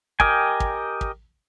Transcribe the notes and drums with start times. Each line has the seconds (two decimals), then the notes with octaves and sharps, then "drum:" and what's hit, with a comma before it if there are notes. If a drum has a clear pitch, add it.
0.20 G4 A#4 D#5 G5 G#5, drum: kick
0.60 drum: kick
1.01 drum: kick